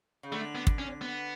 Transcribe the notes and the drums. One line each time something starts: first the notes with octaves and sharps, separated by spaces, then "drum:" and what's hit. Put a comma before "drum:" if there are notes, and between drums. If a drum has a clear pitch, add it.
C#3
D3 A3
B3
drum: kick
C#4
B3